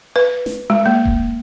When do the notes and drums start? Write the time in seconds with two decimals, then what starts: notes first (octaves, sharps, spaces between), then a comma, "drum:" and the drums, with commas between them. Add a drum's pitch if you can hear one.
0.16 B4
0.46 drum: snare
0.70 G#3
0.86 A#3
1.05 drum: kick D#1